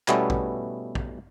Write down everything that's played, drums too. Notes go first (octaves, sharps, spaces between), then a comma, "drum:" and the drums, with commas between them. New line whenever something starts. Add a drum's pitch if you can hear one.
B2 G3 A3 B3 C#4 E4, drum: clap
drum: kick
drum: kick